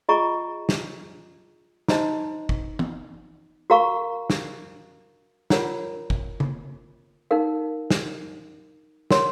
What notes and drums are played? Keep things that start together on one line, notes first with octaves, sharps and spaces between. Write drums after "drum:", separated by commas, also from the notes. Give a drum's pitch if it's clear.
F4 G#4 D#5 A#5 C#6
drum: snare
D#4 F#4 C5 D#5 A#5, drum: snare
drum: kick G1
drum: tom
F#4 A#4 F5 A#5 C#6
drum: snare
F4 A#4 C#5 F#5 A#5, drum: snare
drum: kick G1
drum: tom C#3
D#4 A#4 F5
drum: snare
F#4 A#4 C#5 F#5 C6, drum: snare